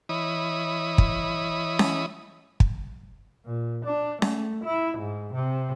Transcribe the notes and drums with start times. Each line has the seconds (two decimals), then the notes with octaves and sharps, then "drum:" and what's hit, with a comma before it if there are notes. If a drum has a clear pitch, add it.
0.09 E3 E4 C#5 D#5 B5 D#6
0.98 drum: kick
1.79 drum: snare C#4
2.60 drum: kick
3.45 A#2
3.85 D4
4.22 A3, drum: snare C#4
4.64 E4
4.98 G#2
5.33 C3